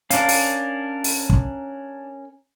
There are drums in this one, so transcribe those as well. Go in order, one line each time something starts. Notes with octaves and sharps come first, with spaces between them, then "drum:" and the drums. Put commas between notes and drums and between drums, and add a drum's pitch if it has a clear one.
C#4 D4 A#4 F5, drum: hi-hat
drum: open hi-hat
drum: open hi-hat
drum: kick